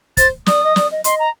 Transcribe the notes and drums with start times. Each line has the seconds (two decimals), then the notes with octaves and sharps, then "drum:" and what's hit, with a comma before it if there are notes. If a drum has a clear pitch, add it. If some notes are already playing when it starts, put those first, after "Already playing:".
0.17 C5 A6, drum: kick, hi-hat
0.46 D5 D#6, drum: snare
0.63 D#5
0.76 D5, drum: snare
0.91 D#5
1.04 D#5 C6, drum: hi-hat
1.19 A#5